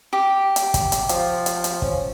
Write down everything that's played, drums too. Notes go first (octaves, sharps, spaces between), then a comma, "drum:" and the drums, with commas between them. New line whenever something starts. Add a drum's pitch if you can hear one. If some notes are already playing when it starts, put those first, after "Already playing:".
G4
drum: hi-hat
drum: kick, hi-hat
drum: hi-hat
F3, drum: hi-hat
drum: hi-hat
drum: hi-hat
C#4, drum: kick